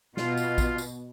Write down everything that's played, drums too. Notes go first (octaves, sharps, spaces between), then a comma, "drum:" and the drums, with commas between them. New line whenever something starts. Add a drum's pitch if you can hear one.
B2 F4, drum: snare
drum: tambourine
drum: kick A#1, tambourine
drum: tambourine